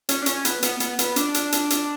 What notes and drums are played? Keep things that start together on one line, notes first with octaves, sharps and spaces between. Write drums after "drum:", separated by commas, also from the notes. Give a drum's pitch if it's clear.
C#4, drum: hi-hat
D4
C#4, drum: hi-hat
B3, drum: hi-hat
B3, drum: hi-hat
B3, drum: hi-hat
B3, drum: hi-hat
D4, drum: hi-hat
drum: hi-hat
drum: hi-hat
drum: hi-hat